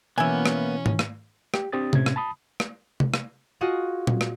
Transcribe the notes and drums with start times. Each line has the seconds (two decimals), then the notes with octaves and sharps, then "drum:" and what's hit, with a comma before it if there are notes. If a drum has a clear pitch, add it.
0.18 B2 E3 A#3 B3 C#4 E4 G#5
0.46 drum: rim click
0.86 drum: tom G#2
0.99 drum: rim click
1.54 G4, drum: rim click
1.72 C4 D4 G4 C5 D#6 A6
1.93 A2 C3 C#4 G#6, drum: tom C3
2.06 drum: rim click
2.16 A5 B5 D#6
2.60 drum: rim click
3.00 drum: tom C3
3.14 drum: rim click
3.61 F4 F#4 G#4 D#5
4.07 drum: tom A#2
4.21 drum: rim click